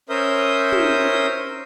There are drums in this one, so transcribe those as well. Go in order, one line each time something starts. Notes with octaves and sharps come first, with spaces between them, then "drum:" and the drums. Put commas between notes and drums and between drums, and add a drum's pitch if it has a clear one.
C#4 A#4 C5 E5 D#6 G6
drum: tom